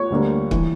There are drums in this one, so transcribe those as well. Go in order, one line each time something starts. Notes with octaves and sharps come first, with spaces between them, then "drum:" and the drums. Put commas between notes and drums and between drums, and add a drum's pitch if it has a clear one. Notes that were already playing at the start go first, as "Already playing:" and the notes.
Already playing: C#5 C#6
D2 D3 G3 A#3
E3, drum: kick